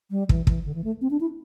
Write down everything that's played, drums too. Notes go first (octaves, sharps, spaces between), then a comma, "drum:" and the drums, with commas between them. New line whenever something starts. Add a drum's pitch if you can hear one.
G3
E3, drum: kick
E3, drum: kick
D3
E3
A3
C4
D4
E4